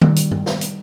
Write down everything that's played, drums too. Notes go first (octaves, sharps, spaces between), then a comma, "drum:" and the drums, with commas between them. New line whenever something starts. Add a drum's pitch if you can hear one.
D#3 G3, drum: tom D#3
drum: hi-hat
drum: tom G2
drum: snare
drum: hi-hat